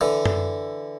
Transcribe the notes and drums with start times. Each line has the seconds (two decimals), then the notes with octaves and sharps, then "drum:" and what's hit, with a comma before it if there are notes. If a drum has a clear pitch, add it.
0.01 D3 E3
0.25 drum: tom F#2